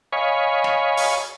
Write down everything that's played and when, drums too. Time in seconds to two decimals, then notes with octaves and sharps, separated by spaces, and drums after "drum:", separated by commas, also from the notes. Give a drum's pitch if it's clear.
0.12 C#5 D#5 F5 G#5 B5 C#6
0.64 drum: snare
0.97 drum: open hi-hat